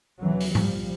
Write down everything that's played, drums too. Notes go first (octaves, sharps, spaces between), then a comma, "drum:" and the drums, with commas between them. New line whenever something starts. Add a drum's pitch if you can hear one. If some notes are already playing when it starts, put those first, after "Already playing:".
E2 C#3 E3 F#3
drum: open hi-hat
C2 A#2 F3 G3, drum: tom G#2